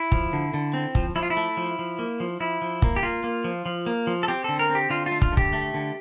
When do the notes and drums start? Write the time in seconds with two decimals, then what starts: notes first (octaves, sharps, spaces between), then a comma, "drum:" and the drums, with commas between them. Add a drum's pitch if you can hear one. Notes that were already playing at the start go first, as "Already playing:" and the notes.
Already playing: E4
0.12 F3, drum: kick
0.33 D3
0.54 D3
0.74 C4
0.95 F3, drum: kick
1.15 F3 E4
1.23 F4
1.30 E4
1.37 A3
1.57 F3
1.79 F3
1.99 A#3
2.20 F3
2.40 F3 E4
2.62 F3
2.82 A#3, drum: kick
2.96 G4
3.03 A#3 F4
3.24 A#3
3.44 F3
3.66 F3
3.86 A#3
4.07 F3
4.23 A4
4.28 C4 G4
4.44 D3 A4
4.59 A#4
4.69 C4
4.75 G4
4.90 D3 F4
5.06 F4
5.11 A3
5.22 F4, drum: kick
5.32 D3
5.37 G4, drum: kick
5.53 A3
5.74 D3